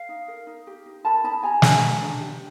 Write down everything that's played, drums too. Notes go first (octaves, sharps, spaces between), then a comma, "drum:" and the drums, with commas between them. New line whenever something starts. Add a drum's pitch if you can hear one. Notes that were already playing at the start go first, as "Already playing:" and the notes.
Already playing: F5
D#4
A#4
D#4
G4
D#4
A#4 A5 B5
D#4 A5 B5
G4 G#5 A#5
D4 G#5 A#5, drum: snare
B4
D4
G4